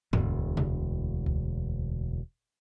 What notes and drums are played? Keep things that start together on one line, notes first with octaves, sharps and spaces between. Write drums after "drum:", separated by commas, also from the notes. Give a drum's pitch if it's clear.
E1 D2, drum: tom G2
drum: tom C3
drum: kick C#2